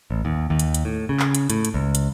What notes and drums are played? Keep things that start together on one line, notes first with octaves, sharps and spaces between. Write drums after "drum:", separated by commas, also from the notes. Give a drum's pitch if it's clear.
A1
D#2
D#2
drum: hi-hat
drum: hi-hat
A2
C#3
drum: clap
drum: hi-hat
A2, drum: hi-hat
drum: hi-hat
C#2
drum: hi-hat